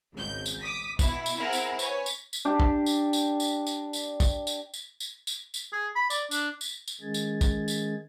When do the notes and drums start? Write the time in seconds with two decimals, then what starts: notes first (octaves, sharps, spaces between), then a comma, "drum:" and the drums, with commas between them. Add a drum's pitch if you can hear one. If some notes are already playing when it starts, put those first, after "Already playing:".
0.13 G#1 C#2 G6
0.46 drum: tambourine
0.61 D6 D#6 B6
0.99 B2 E4, drum: kick, tambourine
1.26 drum: tambourine
1.37 C4 E4 G#4 A#4 F#5 A#5
1.53 drum: tambourine
1.79 B4 C#5 G#5, drum: tambourine
2.06 drum: tambourine
2.33 drum: tambourine
2.45 D4 G4
2.60 drum: kick
2.86 drum: tambourine
3.13 drum: tambourine
3.40 drum: tambourine
3.67 drum: tambourine
3.93 drum: tambourine
4.20 drum: kick, tambourine
4.47 drum: tambourine
4.74 drum: tambourine
5.00 drum: tambourine
5.27 drum: tambourine
5.54 drum: tambourine
5.72 G#4
5.95 B5
6.10 D5, drum: tambourine
6.31 D4, drum: tambourine
6.61 drum: tambourine
6.88 drum: tambourine
7.01 D#3 G#3 C#4 G#4 G#6 A6
7.14 drum: tambourine
7.41 drum: kick, tambourine
7.68 drum: tambourine